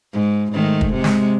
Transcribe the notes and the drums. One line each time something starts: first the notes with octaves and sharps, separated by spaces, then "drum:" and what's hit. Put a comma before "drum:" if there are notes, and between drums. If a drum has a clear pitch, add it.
G#2
G#2 D#3 A3
drum: kick
C3 G#3
drum: snare